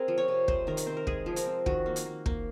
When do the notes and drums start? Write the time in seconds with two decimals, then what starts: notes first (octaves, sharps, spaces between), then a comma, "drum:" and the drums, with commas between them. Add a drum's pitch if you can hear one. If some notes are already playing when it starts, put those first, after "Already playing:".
Already playing: C4 G#4 A#4
0.08 F3
0.18 C#5
0.28 C3
0.48 G#3 C5, drum: kick
0.67 D#3 A#4
0.77 drum: hi-hat
0.86 C4 C5
0.97 A#4
1.07 G#3 G#4, drum: kick
1.26 F3
1.36 A#4, drum: hi-hat
1.46 C4
1.66 D#3 F#4, drum: kick
1.86 A#3
1.96 drum: hi-hat
2.06 A#3
2.26 A#3, drum: kick